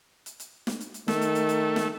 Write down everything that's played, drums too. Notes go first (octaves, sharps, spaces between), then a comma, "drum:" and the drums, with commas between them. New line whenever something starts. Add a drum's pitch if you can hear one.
drum: hi-hat
drum: hi-hat
drum: snare
drum: hi-hat
drum: hi-hat
D#3 A3, drum: snare
drum: hi-hat
drum: hi-hat
drum: hi-hat
drum: snare